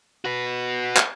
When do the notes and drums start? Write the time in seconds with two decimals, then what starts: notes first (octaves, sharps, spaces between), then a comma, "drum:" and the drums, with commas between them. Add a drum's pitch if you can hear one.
0.25 F#4 B4
0.97 drum: clap